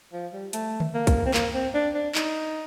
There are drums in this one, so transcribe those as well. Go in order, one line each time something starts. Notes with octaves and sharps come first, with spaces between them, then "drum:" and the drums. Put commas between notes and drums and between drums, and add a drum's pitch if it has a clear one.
F3
G3
A3, drum: hi-hat
drum: tom D3
A#3
drum: kick, hi-hat
C4
A#3, drum: clap
C4
D4
D4
D#4, drum: clap